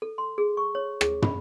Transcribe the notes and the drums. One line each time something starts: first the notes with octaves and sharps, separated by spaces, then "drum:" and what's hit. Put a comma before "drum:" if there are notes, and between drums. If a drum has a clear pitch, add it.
A4
C6
G#4
C#6
C#5
G#4, drum: rim click
B5, drum: tom